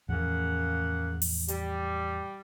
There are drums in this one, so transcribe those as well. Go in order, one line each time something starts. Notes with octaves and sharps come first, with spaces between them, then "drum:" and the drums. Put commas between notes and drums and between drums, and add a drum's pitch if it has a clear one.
E2 A2 C#3 F3 A#3 F#5
drum: open hi-hat
G3, drum: hi-hat